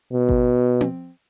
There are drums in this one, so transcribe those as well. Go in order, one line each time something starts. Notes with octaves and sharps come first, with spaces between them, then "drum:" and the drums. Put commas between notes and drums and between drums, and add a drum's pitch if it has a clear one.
B2
drum: kick G#1
drum: tom C4